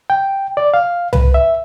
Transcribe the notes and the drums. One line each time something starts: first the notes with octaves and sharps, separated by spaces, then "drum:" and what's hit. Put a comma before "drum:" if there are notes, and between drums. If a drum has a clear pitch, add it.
G5
D5
F5
B4, drum: tom C2
E5